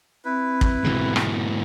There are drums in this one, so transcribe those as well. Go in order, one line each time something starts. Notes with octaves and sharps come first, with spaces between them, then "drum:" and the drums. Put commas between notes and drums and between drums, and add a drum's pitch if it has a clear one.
C4 E4 B4
drum: kick
G#2 B2 D3 E3 G#3
drum: rim click